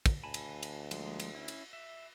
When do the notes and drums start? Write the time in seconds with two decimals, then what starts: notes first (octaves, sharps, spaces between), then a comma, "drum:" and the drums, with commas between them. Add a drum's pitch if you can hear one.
0.06 drum: kick, cymbal
0.24 D2 G#5 A5 B5
0.34 drum: cymbal
0.63 drum: cymbal
0.91 F3 G#3 A#3, drum: cymbal
1.20 drum: cymbal
1.35 C#4 E4
1.48 drum: cymbal
1.73 E5